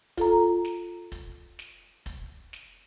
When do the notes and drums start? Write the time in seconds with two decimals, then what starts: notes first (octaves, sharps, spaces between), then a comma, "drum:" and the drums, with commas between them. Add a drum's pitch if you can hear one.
0.17 F4 A4 A#5, drum: kick, hi-hat
0.65 drum: snare
1.12 drum: kick, hi-hat
1.59 drum: snare
2.06 drum: kick, hi-hat
2.53 drum: snare